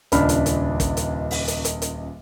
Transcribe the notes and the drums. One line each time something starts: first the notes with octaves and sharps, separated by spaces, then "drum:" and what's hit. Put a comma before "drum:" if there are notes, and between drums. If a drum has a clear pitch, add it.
D#1 C#2 D4 B5 F6, drum: hi-hat
drum: hi-hat
drum: hi-hat
drum: kick, hi-hat
drum: hi-hat
drum: open hi-hat
drum: hi-hat
drum: hi-hat
drum: hi-hat